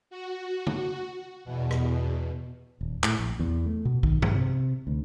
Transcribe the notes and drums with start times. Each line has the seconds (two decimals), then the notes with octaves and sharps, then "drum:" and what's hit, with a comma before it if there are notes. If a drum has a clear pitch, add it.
0.10 F#4
0.67 drum: tom
1.45 E2 B2
1.71 drum: rim click
2.81 D#1
3.03 A2, drum: clap
3.19 A#1
3.39 E2
3.66 A3
3.85 B2
4.03 D#3, drum: kick A#1
4.22 E3, drum: tom G2
4.35 C3
4.87 D2